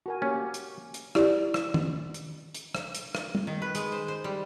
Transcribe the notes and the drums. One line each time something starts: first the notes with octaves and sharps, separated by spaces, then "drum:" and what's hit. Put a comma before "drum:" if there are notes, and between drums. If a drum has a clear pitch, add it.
F#4 A#4 G#5
A#3 C#4 G4 C#5
drum: hi-hat
drum: hi-hat
E4 G4 D5, drum: rim click
drum: rim click
drum: tom
drum: hi-hat
drum: hi-hat
drum: rim click
drum: hi-hat
drum: rim click
drum: tom
D#3
B4
G#3, drum: hi-hat
C5
C5
G3